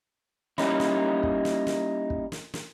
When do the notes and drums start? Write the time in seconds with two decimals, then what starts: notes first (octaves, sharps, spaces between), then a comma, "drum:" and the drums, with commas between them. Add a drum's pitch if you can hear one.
0.58 G3 A#3 C#4 D#4 E4, drum: snare
0.80 drum: snare
1.23 drum: kick
1.45 drum: snare
1.67 drum: snare
2.10 drum: kick
2.32 drum: snare
2.54 drum: snare